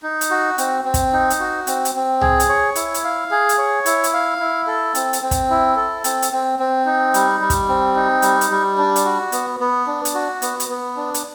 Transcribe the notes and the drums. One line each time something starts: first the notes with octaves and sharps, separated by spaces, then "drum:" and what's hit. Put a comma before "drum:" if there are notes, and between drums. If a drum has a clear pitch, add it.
D#4
drum: hi-hat
F#4
C4, drum: hi-hat
C4
drum: kick, hi-hat
D#4
drum: hi-hat
F#4
C4, drum: hi-hat
drum: hi-hat
C4
G#4, drum: tom C2
drum: hi-hat
C#5
E4, drum: hi-hat
drum: hi-hat
F5
G#4
drum: hi-hat
C#5
E4, drum: hi-hat
drum: hi-hat
F5
E4
A4
C4, drum: hi-hat
drum: hi-hat
C4
drum: kick, hi-hat
E4
A4
C4, drum: hi-hat
drum: hi-hat
C4
C4
D#4
G3, drum: hi-hat
G3
drum: kick, hi-hat
C4
D#4
G3, drum: hi-hat
drum: hi-hat
G3
D4
drum: hi-hat
F#4
B3, drum: hi-hat
B3
D4
drum: hi-hat
F#4
B3, drum: hi-hat
drum: hi-hat
B3
D4
drum: hi-hat